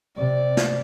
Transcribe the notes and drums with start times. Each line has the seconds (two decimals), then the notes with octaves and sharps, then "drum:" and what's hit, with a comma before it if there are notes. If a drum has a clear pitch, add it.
0.17 C3 D5
0.57 drum: snare